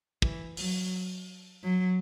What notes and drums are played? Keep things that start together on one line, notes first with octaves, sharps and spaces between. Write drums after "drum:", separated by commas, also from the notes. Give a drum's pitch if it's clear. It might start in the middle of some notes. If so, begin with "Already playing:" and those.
E3, drum: kick
F#3, drum: open hi-hat
F#3